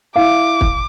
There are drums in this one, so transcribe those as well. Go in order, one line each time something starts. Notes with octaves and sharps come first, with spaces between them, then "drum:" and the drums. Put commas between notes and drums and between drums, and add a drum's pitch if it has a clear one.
E4 F5 D6
drum: kick